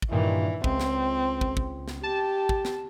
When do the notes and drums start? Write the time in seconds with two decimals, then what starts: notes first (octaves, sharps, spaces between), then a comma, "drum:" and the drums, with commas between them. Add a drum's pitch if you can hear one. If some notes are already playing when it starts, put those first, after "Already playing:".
0.02 drum: kick
0.11 G2 A#2 D#3 E3
0.64 C#2 C4, drum: kick
0.80 drum: snare
1.41 drum: kick
1.57 drum: kick
1.88 drum: snare
2.03 G4 A5
2.49 drum: kick
2.65 drum: snare